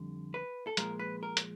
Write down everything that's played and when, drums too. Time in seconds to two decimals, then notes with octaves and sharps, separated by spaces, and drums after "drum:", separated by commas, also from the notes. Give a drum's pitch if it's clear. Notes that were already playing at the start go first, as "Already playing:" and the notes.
Already playing: F2 D3 G3
0.34 B4
0.67 A4
0.77 A#2 F3 G#3 A#4, drum: hi-hat
0.99 B4
1.23 A#4
1.37 drum: hi-hat